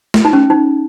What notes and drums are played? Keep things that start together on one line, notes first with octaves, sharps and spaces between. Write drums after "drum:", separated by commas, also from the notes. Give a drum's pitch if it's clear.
drum: snare
D#4
C#4
D#4